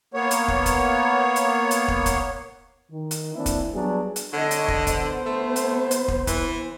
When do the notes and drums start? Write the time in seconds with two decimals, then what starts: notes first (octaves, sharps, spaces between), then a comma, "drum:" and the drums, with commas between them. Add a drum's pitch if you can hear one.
0.14 A#3 B3 C#5
0.31 drum: hi-hat
0.48 drum: kick
0.66 drum: kick, hi-hat
1.36 drum: hi-hat
1.71 drum: hi-hat
1.88 drum: kick
2.06 drum: kick, hi-hat
2.91 D#3
3.11 drum: hi-hat
3.35 E3 A#3 C4 D4 E4
3.46 drum: kick, hi-hat
3.73 F#3 G3 B3 D4 G#4
4.16 drum: hi-hat
4.33 D3 C#5 D#5
4.51 drum: hi-hat
4.68 drum: kick
4.87 B3 C5, drum: kick, hi-hat
5.26 A3
5.56 drum: hi-hat
5.91 drum: hi-hat
6.08 drum: kick
6.27 E3, drum: kick, hi-hat